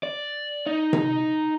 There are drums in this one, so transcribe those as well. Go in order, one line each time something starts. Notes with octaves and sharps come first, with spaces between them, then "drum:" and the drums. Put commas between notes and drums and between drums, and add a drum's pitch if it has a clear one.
D5
D#4
drum: tom C3